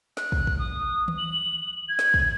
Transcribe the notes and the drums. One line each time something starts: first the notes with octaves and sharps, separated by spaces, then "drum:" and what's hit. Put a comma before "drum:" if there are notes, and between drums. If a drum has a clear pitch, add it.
F#6, drum: snare
drum: kick
drum: kick
D#6
drum: tom
F#7
G#6
drum: snare
drum: kick